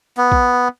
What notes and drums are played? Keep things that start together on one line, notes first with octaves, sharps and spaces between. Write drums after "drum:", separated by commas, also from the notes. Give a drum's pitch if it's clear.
B3
drum: kick